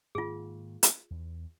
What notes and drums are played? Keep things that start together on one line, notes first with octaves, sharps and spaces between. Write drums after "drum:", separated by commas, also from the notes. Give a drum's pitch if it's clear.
G#2 D#3 A#3 F4 G#4
drum: hi-hat
E2